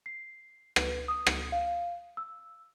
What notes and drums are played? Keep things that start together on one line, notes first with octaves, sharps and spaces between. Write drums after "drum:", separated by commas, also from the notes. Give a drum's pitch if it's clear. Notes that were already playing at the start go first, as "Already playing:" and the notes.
C7
B4, drum: rim click
D#6
C#7, drum: rim click
F5
E6